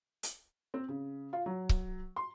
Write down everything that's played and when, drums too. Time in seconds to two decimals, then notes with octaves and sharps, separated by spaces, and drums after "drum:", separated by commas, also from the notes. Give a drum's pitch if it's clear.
0.23 drum: hi-hat
0.74 C4
0.88 C#3
1.33 F4
1.46 F#3
1.69 drum: kick C#1
2.16 C6